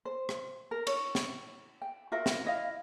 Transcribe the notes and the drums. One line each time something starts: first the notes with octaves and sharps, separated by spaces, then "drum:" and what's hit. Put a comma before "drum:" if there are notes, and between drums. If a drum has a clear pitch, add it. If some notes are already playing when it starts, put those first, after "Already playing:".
C5
drum: rim click
A#4
C#5, drum: cymbal
drum: snare
G5
F4 F#4 A#4 E5
drum: snare
E4 D#5 F5